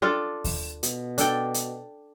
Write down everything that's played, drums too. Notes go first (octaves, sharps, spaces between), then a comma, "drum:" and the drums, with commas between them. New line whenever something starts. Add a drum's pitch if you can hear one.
D4 F4 A4
drum: kick D#2, open hi-hat
B2, drum: hi-hat
D4 A4 G5, drum: hi-hat
drum: hi-hat